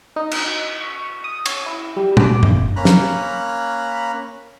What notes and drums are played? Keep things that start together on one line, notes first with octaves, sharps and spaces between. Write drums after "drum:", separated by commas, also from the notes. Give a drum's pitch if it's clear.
D#4
drum: cymbal
C#6
D#6
C#5, drum: cymbal
E4
G3
D6, drum: tom A#2
G1, drum: tom F#2
A#3 C#4 A#5 B5 F#6
drum: snare